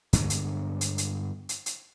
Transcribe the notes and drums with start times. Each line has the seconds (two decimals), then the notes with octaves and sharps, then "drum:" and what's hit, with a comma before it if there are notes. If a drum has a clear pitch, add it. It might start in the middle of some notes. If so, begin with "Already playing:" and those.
0.13 G2 D3 G#3 B3, drum: hi-hat
0.30 drum: hi-hat
0.81 drum: hi-hat
0.98 drum: hi-hat
1.49 drum: hi-hat
1.66 drum: hi-hat